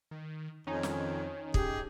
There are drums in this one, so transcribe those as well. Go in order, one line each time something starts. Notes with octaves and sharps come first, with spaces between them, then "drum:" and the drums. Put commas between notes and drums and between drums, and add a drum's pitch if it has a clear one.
D#3
F2 D#3 C#4 D#4 C#5 G#5
drum: snare
A2 G4 G#4, drum: kick